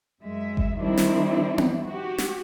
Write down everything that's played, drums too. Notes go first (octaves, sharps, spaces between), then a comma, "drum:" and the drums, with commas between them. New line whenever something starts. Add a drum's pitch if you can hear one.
F#2 G#3 E5
drum: kick G1
D#3 F3 G3 C4 D4 E4
drum: snare
drum: tom B3
F#4 G4
drum: snare